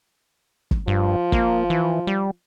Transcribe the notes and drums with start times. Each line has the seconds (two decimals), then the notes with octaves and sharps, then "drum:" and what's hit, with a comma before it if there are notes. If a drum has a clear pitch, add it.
0.71 drum: kick
0.88 G2 F3
1.32 A#3, drum: kick
1.70 E3
2.07 G3